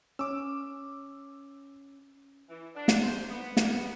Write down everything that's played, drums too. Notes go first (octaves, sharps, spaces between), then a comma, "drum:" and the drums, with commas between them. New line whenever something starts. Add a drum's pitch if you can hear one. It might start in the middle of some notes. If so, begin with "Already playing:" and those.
C#4 D6 E6
E3
D4
drum: snare
C5
B3
A#3, drum: snare
B3